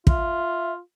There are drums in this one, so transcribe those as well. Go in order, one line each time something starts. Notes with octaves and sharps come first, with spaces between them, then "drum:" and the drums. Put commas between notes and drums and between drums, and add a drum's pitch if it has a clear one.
F4 E5, drum: kick